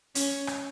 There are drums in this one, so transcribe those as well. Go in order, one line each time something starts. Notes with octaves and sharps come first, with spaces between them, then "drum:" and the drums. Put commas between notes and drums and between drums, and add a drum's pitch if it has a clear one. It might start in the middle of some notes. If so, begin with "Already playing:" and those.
C#4, drum: hi-hat
drum: rim click